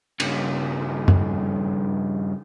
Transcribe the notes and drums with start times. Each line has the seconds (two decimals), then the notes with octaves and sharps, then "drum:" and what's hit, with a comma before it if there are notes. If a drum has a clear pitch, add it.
0.20 G2 C#3, drum: cymbal
1.08 drum: tom